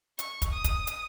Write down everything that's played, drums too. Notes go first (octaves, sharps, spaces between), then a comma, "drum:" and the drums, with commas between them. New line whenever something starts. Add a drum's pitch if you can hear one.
C#6, drum: hi-hat
drum: kick, hi-hat
D#6
drum: kick, hi-hat
drum: hi-hat